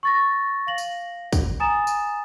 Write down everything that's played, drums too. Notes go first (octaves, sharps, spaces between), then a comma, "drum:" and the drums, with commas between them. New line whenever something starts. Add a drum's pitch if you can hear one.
C#6 A6 A#6
F5 A#6 F#7
drum: tambourine
drum: kick, tambourine
G#5 A#5 D#6 A6 E7
drum: tambourine